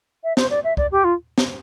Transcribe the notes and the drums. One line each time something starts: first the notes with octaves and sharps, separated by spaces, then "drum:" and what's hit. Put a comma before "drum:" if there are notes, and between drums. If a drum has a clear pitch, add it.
E5
C5, drum: snare
D5
E5
D5, drum: kick C2
G4
F4
drum: snare